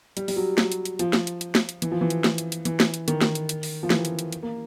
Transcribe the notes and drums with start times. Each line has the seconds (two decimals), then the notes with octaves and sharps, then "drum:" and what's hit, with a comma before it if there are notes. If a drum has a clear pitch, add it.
0.17 G3, drum: hi-hat
0.28 G3, drum: open hi-hat
0.36 F#3
0.58 F#3, drum: snare
0.72 drum: hi-hat
0.85 drum: hi-hat
0.99 F3, drum: hi-hat
1.13 drum: snare
1.27 drum: hi-hat
1.41 drum: hi-hat
1.55 drum: snare
1.69 drum: hi-hat
1.82 E3, drum: hi-hat
1.92 F3
2.01 E3
2.10 drum: hi-hat
2.24 drum: snare
2.38 drum: hi-hat
2.52 drum: hi-hat
2.65 E3, drum: hi-hat
2.80 drum: snare
2.94 drum: hi-hat
3.08 D#3, drum: hi-hat
3.21 drum: snare
3.35 drum: hi-hat
3.49 drum: hi-hat
3.63 drum: open hi-hat
3.83 F3
3.90 E3, drum: snare
4.05 drum: hi-hat
4.19 drum: hi-hat
4.32 drum: hi-hat
4.43 A#3